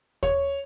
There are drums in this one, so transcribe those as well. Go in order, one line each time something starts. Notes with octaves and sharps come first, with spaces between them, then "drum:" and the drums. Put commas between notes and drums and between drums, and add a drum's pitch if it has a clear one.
C#5, drum: kick D#2